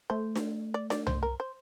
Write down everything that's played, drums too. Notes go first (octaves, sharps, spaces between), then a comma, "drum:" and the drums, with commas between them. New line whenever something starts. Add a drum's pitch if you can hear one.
A3 C5
drum: snare D4
D5
D5, drum: snare D4
C5, drum: tom C2
A#4
C5